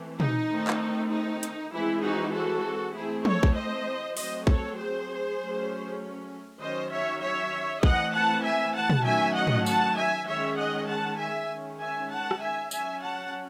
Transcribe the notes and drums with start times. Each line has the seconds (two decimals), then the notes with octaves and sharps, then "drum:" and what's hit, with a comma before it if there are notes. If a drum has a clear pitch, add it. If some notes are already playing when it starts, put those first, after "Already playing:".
Already playing: E3 A3 C4
0.20 D#4, drum: tom
0.50 D#3 A3 C4
0.67 drum: clap
1.11 D#4
1.43 drum: hi-hat
1.73 E3 G#3 C4 E4
2.03 D#4 F#4
2.33 F#4 A4
2.94 E3 A3 C4 E4 G#4
3.25 A4 C#5, drum: tom
3.43 drum: kick
3.55 C5 D#5
4.17 F#3 A3 C4 C5 D#5, drum: open hi-hat
4.47 A4 C#5, drum: kick
4.77 G#4 C5
5.39 F#3 A3 C#4
6.61 D#3 F#3 C#4 C5 D#5
6.91 C#5 E5
7.22 C#5 E5
7.83 E3 A3 C4 D#5 F#5, drum: kick
8.14 F#5 A5
8.44 E5 G#5
8.75 F#5 A5
8.90 drum: tom
9.05 D#3 F#3 A3 C#4 E5 G#5
9.36 D#5 F#5
9.47 drum: tom
9.66 F#5 A5, drum: tambourine
9.96 E5 G#5
10.27 D#3 G#3 C#4 C#5 E5
10.58 D#5 F#5
10.88 F#5 A5
11.19 E5 G#5
11.49 D#3 G#3 C#4
11.80 E5 G#5
12.11 F#5 A5
12.31 drum: rim click
12.41 E5 G#5
12.71 F#3 C#4 E5 G#5, drum: tambourine
13.02 F#5 A5